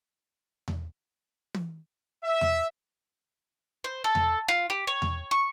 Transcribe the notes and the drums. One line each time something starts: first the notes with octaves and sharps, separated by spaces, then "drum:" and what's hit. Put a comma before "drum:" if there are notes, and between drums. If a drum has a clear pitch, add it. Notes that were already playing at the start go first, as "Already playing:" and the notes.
drum: tom E2
drum: tom
E5
drum: tom E2
C5
A4
drum: tom E2
F4
G4
C#5
drum: tom E2
C#6